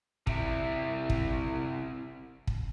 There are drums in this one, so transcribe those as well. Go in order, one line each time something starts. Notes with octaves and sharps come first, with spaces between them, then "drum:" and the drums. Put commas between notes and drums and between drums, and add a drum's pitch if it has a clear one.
C3 E4, drum: kick
drum: kick
drum: kick